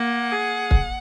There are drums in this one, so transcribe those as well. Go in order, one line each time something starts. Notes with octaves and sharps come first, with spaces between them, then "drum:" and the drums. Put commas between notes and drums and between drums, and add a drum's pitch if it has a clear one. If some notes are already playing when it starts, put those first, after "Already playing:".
Already playing: A#3 F#5
G#4
drum: kick